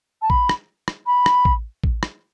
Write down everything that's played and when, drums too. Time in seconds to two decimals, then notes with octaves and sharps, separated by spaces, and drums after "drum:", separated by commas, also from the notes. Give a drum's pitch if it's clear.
0.22 A5
0.30 B5, drum: kick A1
0.49 drum: rim click
0.88 drum: rim click
1.07 B5
1.26 drum: rim click
1.45 drum: kick A1
1.84 drum: kick A1
2.03 drum: rim click